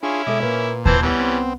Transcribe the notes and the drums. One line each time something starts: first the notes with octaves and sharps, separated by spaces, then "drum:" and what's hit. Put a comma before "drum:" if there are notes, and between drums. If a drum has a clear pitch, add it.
C#4 D4 E4 F4 G#4 C#6
B2 G#3 A4 D#5 E5 D6
A#2 A#3 B4
E3 C4 B4 C5 A5 G#6, drum: kick D#2
C2 E3 G3 B3 C#4
C4